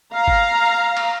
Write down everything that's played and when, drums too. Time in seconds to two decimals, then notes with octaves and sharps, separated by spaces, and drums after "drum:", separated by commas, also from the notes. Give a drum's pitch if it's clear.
0.14 F5 A#5
0.28 drum: kick G1
0.97 drum: cymbal